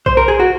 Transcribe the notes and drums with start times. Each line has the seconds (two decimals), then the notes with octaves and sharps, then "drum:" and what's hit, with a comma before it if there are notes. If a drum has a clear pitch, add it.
0.06 C5, drum: kick A#1
0.17 A#4
0.28 G#4
0.40 F#4